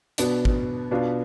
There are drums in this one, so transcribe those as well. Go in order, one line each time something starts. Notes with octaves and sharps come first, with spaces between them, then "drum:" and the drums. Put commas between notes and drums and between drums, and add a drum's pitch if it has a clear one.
B2 B3 D4, drum: hi-hat
drum: kick
B2 B3 D4 F4